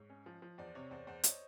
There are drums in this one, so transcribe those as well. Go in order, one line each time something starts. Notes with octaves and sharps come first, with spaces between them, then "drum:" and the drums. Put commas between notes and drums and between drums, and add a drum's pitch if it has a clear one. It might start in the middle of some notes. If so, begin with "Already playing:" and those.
Already playing: G#2 C#5 D#5
C#4
F3
F3
E2 C5 D5
C3 C#5
E2 C5 D5
E2 C5 D5
C#5 D#5, drum: hi-hat